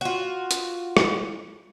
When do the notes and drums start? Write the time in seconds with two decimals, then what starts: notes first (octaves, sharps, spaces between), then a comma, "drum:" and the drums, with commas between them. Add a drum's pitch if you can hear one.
0.01 F4 F#4
0.51 drum: hi-hat
0.97 drum: rim click